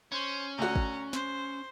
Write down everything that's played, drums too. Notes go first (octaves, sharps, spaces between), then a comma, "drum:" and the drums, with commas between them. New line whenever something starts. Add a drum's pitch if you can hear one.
C#4 C5
D2 F#4 A#5
drum: kick
C5, drum: snare